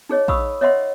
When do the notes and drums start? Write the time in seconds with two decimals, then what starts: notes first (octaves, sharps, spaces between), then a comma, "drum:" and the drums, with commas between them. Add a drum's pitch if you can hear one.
0.09 D#4 G#4 C#5 D#5
0.28 F5 B5 C#6 D#6 E6, drum: kick A#1
0.61 C#5 D#5 E5 F#5 C6